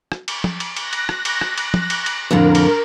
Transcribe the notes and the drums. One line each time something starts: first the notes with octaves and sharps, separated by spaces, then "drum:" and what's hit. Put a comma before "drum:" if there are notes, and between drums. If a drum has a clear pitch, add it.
drum: rim click
drum: cymbal
drum: tom
drum: cymbal
F#6 A#6, drum: cymbal
drum: cymbal
drum: rim click
drum: cymbal
drum: rim click
drum: cymbal
drum: tom
drum: cymbal
drum: cymbal
F2 A2 D3 A#4
drum: cymbal